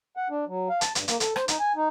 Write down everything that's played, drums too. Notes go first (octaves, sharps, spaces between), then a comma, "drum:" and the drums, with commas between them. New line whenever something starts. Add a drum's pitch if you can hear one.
F#5
D4
F#3
F5
A5, drum: hi-hat
G2, drum: hi-hat
A#3, drum: hi-hat
A4, drum: hi-hat
C5, drum: rim click
D#4, drum: hi-hat
G#5
D#4